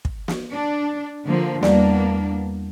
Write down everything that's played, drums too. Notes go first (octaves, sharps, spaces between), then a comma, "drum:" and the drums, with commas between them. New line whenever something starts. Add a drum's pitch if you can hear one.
drum: kick
drum: snare
D4
D3 F3 A#3
E2 G3 A#3 B3 D4 D5, drum: snare